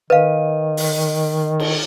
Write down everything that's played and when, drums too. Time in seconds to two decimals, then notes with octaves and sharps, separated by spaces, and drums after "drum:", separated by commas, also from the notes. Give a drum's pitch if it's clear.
0.10 D#3 B4 D#5 F5
0.77 drum: open hi-hat
1.60 drum: cymbal